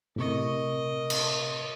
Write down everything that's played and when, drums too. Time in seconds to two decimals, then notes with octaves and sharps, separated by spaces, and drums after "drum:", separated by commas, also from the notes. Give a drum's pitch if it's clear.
0.16 A2 C3 A#4 D#5 C#6
1.10 drum: cymbal